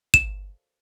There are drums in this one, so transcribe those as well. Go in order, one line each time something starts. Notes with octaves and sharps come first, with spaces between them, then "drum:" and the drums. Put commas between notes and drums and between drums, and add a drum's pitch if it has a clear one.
E7, drum: kick